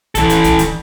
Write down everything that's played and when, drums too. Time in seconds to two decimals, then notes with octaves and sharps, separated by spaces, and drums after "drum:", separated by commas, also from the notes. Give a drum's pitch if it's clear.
0.15 E3 A4, drum: kick, hi-hat
0.30 drum: hi-hat
0.44 drum: kick, hi-hat
0.59 drum: hi-hat